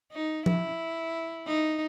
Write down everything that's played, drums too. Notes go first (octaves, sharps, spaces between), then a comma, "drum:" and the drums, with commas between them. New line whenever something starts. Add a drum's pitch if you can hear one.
D#4
E4, drum: tom F3
D#4